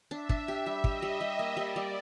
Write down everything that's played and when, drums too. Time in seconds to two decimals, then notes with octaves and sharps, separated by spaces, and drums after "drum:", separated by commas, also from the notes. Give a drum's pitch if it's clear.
0.11 D4 E5
0.29 D4, drum: kick
0.48 G4
0.66 G3
0.84 G4 D#5, drum: kick
1.02 G3
1.21 G3 D#5
1.39 A#3
1.57 G3 D5
1.76 G3